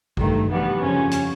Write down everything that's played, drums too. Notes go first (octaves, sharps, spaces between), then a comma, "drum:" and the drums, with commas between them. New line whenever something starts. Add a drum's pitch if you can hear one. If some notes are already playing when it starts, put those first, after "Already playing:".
G2 D#3 F#3 A3, drum: kick G#1
G2 E3 G3 B3
F2 C#3 F3 C#4
drum: hi-hat